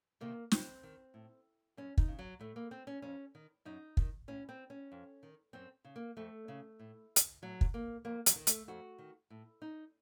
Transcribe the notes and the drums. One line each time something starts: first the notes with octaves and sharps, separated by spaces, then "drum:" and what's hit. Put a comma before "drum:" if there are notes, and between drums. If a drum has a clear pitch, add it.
C3 D#3 A#3
F#2 C4, drum: snare
D#3
A2
F#2 C#4
D#4, drum: kick
C#3
F#3
A2 A3
A#3
C4
C#4
F2 C#4
D#3
F#2 D#4
D#3, drum: kick
A2 C#4
C4
C#4
F2
D#3
F#2 C4
C#3
A#3
F2 A3
C#3
A2
drum: hi-hat
A2 F#3
drum: kick
A#3
F2 A#3
F#3, drum: hi-hat
D#3
A3, drum: hi-hat
F2 F#4
D#3
A2
D#4